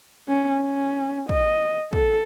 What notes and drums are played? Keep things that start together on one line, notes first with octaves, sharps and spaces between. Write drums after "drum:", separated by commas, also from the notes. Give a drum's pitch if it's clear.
C#4
C#4
D#5, drum: kick
A4, drum: kick